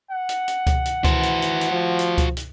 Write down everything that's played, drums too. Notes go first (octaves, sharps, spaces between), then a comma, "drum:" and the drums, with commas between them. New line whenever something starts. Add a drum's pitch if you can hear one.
F#5
drum: hi-hat
drum: hi-hat
drum: kick C#2, hi-hat
drum: hi-hat
E3 F#4 C5, drum: kick C#2, hi-hat
drum: hi-hat
drum: hi-hat
drum: hi-hat
F3
drum: hi-hat
drum: kick C#2, hi-hat
drum: hi-hat